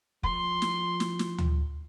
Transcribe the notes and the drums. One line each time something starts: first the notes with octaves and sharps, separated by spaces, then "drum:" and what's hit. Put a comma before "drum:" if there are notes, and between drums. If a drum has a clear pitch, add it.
F3 C6, drum: kick
drum: snare
drum: snare
drum: snare
drum: tom D2